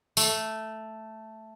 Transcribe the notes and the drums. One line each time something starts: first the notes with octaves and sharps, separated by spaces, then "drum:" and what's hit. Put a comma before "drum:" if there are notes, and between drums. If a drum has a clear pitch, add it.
A3, drum: tambourine